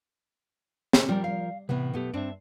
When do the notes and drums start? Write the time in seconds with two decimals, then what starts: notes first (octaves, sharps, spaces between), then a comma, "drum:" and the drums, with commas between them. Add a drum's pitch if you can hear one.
0.93 drum: snare
1.09 F3 G3 A#4
1.24 F5
1.69 A2 C3 E3 B3
1.94 B1 A3 B3 G4
2.14 G2 C4 D4 D5 E5